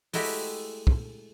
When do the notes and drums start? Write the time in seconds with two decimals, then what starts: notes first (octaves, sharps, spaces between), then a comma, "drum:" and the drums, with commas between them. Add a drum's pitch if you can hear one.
0.13 G#3 A3 E4 F#4 G4, drum: open hi-hat
0.87 drum: kick